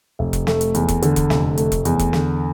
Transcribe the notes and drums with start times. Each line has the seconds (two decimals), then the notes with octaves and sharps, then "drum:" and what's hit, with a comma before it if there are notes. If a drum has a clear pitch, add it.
0.19 F1
0.33 drum: kick E1, hi-hat
0.47 A3, drum: snare
0.61 drum: hi-hat
0.75 E2, drum: hi-hat
0.88 drum: kick E1, hi-hat
1.02 D3, drum: hi-hat
1.16 drum: kick E1, hi-hat
1.30 F1, drum: snare
1.57 A3, drum: hi-hat
1.72 drum: kick E1, hi-hat
1.85 E2, drum: hi-hat
1.99 drum: kick E1, hi-hat
2.13 D3, drum: snare